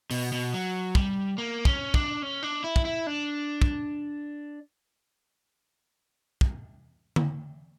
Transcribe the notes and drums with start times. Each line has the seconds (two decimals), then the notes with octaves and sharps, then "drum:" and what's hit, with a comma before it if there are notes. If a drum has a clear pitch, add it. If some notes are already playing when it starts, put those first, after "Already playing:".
0.11 B2, drum: open hi-hat
0.32 B2
0.54 F#3
0.95 G3, drum: kick
1.38 A#3
1.65 C#4, drum: kick
1.94 D4, drum: kick
2.22 C#4
2.43 D4
2.64 E4
2.76 drum: kick
2.85 E4
3.07 D4
3.62 drum: kick
6.41 drum: kick
7.16 drum: tom D3